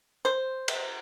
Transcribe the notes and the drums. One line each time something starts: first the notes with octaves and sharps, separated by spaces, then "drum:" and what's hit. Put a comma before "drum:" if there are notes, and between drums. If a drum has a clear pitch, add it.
C5
drum: cymbal